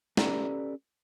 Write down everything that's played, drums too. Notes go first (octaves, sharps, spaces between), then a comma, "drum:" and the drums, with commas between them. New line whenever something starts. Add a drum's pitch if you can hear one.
C#4 G4 A4 B4 D5 A#5, drum: snare